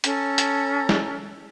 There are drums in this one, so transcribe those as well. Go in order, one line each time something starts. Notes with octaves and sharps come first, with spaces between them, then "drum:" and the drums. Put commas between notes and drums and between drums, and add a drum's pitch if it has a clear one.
C#4 A4 A#5, drum: hi-hat
drum: hi-hat
drum: snare